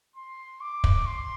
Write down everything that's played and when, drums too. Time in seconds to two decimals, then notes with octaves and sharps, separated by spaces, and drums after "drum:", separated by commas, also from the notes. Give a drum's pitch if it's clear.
0.16 C6
0.61 D6
0.84 drum: kick
1.06 C6